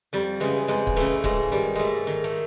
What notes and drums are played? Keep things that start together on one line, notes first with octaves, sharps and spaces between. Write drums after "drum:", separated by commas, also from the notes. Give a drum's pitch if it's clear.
F2 G3
C#3 E3 G#3
F2 G#3
drum: kick
C#3 E3 A3
G#2 G#3, drum: kick
D#3 G3
G#2 G#3 A3
D#3
A3